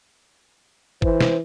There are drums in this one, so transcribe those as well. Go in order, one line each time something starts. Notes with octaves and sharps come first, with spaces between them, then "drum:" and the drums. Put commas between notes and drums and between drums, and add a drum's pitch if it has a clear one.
E3 C5, drum: kick G1
drum: snare